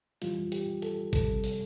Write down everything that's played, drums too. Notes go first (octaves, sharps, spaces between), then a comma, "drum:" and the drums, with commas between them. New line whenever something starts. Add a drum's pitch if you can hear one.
F2 E3 G3 F4, drum: hi-hat
G4, drum: hi-hat
A4, drum: hi-hat
F2 C3 G3 A4, drum: kick G#1, hi-hat
drum: open hi-hat